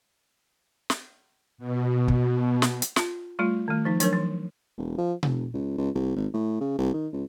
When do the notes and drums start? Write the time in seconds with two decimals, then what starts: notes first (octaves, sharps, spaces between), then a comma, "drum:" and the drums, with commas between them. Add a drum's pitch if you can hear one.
0.90 drum: snare
1.58 B2
2.08 drum: kick
2.62 drum: snare
2.82 drum: hi-hat
2.96 F4 A5, drum: snare
3.39 G3 A3 F4
3.68 D#3 A3
3.85 F3 D#4
4.00 F#3 D4 A#4 C#5, drum: hi-hat
4.13 E3
4.78 E1
4.98 F3
5.23 F1, drum: tom B2
5.54 C#2
5.78 C#2
5.95 C2
6.16 G#1
6.33 A2
6.60 C#3
6.78 C2
6.94 D#3
7.12 C#2